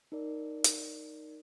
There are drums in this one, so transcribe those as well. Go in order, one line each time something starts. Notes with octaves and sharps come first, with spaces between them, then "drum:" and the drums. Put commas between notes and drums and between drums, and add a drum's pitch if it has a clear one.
D#4 A#4 D5
drum: hi-hat